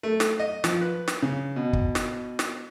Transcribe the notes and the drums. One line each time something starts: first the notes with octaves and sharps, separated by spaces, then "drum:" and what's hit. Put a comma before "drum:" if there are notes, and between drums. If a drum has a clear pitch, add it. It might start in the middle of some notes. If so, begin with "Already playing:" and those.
A3
drum: snare
D#5
F3, drum: snare
B4
drum: snare
C#3
B2
drum: kick
drum: snare
drum: snare